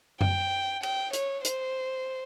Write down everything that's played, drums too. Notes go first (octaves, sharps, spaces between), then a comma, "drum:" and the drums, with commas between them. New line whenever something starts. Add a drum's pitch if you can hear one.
G5, drum: tom F#2
G5, drum: cymbal
C#5, drum: hi-hat
C5, drum: hi-hat